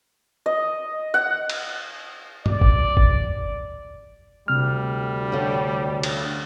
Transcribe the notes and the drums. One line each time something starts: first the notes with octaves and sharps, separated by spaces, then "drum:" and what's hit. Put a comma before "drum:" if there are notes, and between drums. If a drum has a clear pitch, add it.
D#5
F#5
drum: cymbal
D5, drum: tom G2
drum: kick F#1
drum: kick F#1
D2 C3 G3 F6
D3 C#4
drum: cymbal